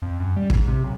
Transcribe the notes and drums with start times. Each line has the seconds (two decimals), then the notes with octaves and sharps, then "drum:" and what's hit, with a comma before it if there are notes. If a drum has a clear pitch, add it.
0.02 F2
0.20 F#2
0.37 G3
0.50 G#2, drum: kick
0.68 C3
0.84 B1